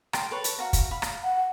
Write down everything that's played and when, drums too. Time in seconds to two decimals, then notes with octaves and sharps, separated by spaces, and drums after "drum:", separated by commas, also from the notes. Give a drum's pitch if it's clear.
0.13 G5 A5 C6, drum: rim click
0.31 A4 B4 C#5
0.44 drum: hi-hat
0.59 F#4 F5 A#5
0.73 drum: kick, hi-hat
0.91 F5 B5
1.02 drum: rim click
1.24 F#5